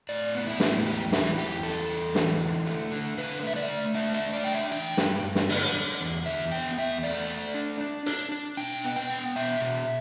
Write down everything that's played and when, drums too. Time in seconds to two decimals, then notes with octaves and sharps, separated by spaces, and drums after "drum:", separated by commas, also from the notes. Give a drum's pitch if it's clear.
0.09 A2 D5
0.35 B3
0.47 E4
0.60 A2, drum: snare
0.85 E2 G4
1.12 E3 E4, drum: snare
1.37 E2 G4
1.63 E2 A4
1.89 E2
2.15 E3, drum: snare
2.41 D3
2.66 A3
2.92 D3
3.17 D3 B4
3.43 A3 E5
3.56 D5
3.69 A3
3.94 D4 E5
4.14 E5
4.20 A3
4.33 D5
4.44 D4 G5
4.52 E5
4.71 E3 G5
4.97 G2, drum: snare
5.23 G2
5.35 drum: snare
5.49 D3, drum: open hi-hat
5.75 D3
6.01 E2
6.26 E2 E5
6.51 B3 G5
6.77 E2 E5
7.03 A3 D5
7.29 A3
7.54 D4
7.81 D4
8.06 D4, drum: hi-hat
8.32 D4
8.57 B2 G5
8.84 B3
8.96 G5
9.10 B3
9.36 B2 E5
9.61 B2